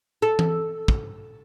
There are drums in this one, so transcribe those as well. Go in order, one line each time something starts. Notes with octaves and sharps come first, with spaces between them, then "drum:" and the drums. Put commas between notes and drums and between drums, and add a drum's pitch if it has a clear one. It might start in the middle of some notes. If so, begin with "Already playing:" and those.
A4
drum: tom E3
drum: kick